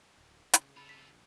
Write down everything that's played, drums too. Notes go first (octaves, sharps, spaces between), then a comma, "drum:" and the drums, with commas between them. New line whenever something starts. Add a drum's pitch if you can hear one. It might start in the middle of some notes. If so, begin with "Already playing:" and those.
D1
C#3, drum: hi-hat
F4 A4 B5
B6
A#1